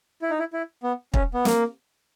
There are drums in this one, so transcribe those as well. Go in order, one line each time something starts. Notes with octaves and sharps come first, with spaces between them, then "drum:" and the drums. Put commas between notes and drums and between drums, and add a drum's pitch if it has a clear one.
E4
D#4
E4
E4
B3
C#4, drum: kick
B3
A#3, drum: snare